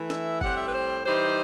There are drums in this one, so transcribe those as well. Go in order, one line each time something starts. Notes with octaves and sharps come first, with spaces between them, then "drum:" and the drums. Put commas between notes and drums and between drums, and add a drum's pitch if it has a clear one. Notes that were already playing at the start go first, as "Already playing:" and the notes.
Already playing: E3 A3 E4
E5, drum: snare
A2 G3 C4 F#5, drum: kick F#1
E5
B4
C5
E3 G3 D#4 C5